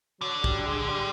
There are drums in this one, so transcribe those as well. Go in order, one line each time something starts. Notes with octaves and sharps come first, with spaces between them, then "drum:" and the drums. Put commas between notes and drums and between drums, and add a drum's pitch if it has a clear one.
D3 F#3
G3, drum: kick
G#3
G3